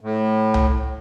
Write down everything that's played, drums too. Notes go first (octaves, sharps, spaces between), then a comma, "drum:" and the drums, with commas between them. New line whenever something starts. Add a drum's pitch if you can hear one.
A2
drum: tom C2